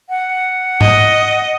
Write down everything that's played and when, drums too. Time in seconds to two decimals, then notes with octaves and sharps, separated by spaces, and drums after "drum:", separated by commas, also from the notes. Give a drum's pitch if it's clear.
0.09 F#5
0.81 D#5, drum: tom G#2